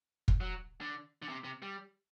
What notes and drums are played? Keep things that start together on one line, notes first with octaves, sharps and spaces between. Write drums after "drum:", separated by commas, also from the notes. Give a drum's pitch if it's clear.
drum: kick
F#3
D3
D3
C3
C3
G3